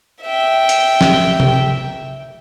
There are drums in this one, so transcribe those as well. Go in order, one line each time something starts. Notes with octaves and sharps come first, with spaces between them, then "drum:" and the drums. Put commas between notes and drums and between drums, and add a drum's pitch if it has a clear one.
E5 G5
drum: hi-hat
drum: snare
drum: tom C3